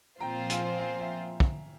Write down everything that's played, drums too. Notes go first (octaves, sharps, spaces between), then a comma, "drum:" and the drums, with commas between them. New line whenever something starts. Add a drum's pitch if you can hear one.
A#2 F3 C4 F4 C5 G5 A#5
F5 G#5, drum: hi-hat
F5 G#5
E5 G5
drum: kick